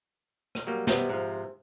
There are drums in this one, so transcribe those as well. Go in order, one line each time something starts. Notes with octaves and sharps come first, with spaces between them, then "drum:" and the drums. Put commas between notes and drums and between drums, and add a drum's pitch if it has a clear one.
drum: rim click
F#3 G3 A#3
C3 G3 B3 D#5, drum: snare
G#2 F3